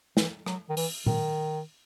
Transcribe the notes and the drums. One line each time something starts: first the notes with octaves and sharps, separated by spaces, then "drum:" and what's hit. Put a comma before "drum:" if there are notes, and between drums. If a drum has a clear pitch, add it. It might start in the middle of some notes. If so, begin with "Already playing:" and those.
E3, drum: snare
F#3, drum: rim click
D#3
E3, drum: open hi-hat
D#3, drum: tom A#2